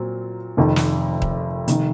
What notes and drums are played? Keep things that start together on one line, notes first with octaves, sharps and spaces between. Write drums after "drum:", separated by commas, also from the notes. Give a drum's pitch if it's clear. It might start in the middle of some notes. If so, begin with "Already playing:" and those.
Already playing: A#2 F#3 C4
F1 F2 D#3
drum: snare
drum: kick D#1
F1 D#3, drum: hi-hat